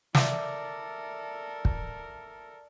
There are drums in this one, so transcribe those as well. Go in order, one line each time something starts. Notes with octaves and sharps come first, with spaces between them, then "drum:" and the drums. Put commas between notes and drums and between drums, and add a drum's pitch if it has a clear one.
A4 A#4 D5 E5, drum: snare
drum: kick